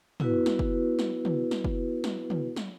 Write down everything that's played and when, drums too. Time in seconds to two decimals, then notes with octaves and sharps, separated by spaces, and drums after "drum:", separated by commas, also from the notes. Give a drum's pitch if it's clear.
0.20 B3 E4 F#4 B4, drum: tom
0.46 drum: snare
0.59 drum: kick F#1
0.99 drum: snare
1.25 drum: tom
1.51 drum: snare
1.64 drum: kick F#1
2.04 drum: snare
2.30 drum: tom
2.56 drum: snare